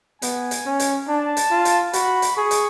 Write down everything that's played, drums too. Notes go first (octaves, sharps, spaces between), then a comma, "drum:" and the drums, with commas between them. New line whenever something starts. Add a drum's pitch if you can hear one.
B3 G#5, drum: hi-hat
drum: hi-hat
C#4
drum: hi-hat
D4 A5
drum: hi-hat
F4
drum: hi-hat
F#4 B5, drum: hi-hat
drum: hi-hat
G#4 C#6
drum: hi-hat